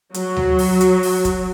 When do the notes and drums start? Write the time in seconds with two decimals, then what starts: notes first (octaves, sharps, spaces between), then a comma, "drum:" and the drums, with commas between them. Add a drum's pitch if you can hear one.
0.14 F#3, drum: hi-hat
0.36 drum: tom D2
0.59 drum: open hi-hat
0.81 drum: hi-hat
1.03 drum: open hi-hat
1.25 drum: kick, hi-hat